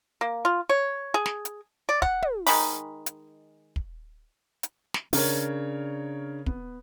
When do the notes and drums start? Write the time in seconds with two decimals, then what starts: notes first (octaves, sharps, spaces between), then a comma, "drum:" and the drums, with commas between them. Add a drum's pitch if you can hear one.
0.21 A#3
0.45 F4
0.69 C#5
1.14 G#4
1.26 drum: snare
1.45 drum: hi-hat
1.89 D5
2.02 F#5, drum: kick
2.22 drum: tom
2.47 D#3 G#3 D#4 B5, drum: open hi-hat
3.06 drum: hi-hat
3.76 drum: kick
4.63 drum: hi-hat
4.94 drum: snare
5.13 C#3 D4 A#4 C#5, drum: open hi-hat
6.46 B3, drum: kick